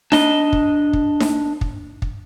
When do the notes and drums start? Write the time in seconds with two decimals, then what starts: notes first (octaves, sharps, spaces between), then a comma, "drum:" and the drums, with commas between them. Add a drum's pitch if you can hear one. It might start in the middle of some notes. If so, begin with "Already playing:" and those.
0.12 D4 D#5, drum: snare D#4
0.53 drum: kick
0.93 drum: kick
1.20 drum: snare D#4
1.61 drum: kick
2.02 drum: kick